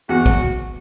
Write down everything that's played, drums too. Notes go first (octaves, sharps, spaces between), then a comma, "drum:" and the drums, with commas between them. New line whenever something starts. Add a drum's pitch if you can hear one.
E2 F#4
drum: kick